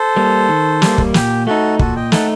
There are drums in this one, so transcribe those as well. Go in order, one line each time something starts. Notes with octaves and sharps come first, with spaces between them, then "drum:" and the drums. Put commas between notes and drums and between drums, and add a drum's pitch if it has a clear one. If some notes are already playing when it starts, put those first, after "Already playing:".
Already playing: A4 C5
G3 A#3
D#3
G3 A#3, drum: snare
drum: kick
A#2 G4, drum: snare
A3 D#4 F#4 A4
A#2 F#4 A4, drum: kick
D#5 G5
A3 D#4 F#5 A5, drum: snare